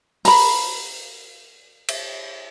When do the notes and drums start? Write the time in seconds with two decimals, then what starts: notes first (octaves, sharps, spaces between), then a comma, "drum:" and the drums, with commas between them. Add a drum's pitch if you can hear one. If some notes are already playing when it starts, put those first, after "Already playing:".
0.25 A#5 B5, drum: open hi-hat
1.88 drum: cymbal